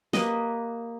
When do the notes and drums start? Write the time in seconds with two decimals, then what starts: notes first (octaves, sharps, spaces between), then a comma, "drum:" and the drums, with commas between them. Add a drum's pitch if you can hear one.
0.13 A#3 G4 B4 D#5, drum: snare